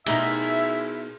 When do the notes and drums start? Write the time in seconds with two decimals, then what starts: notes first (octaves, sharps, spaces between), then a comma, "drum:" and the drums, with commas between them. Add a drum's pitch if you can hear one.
0.06 B2 D#4 E4 G4 G#4 E5, drum: cymbal